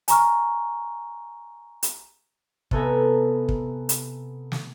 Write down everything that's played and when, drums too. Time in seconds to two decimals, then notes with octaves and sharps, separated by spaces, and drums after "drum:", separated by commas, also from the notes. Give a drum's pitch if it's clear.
0.08 G#5 A#5 C#6 F6, drum: hi-hat
1.83 drum: hi-hat
2.71 C3 B3 A4 E5 G#5 A#5, drum: kick
3.49 drum: kick
3.89 drum: hi-hat
4.52 drum: snare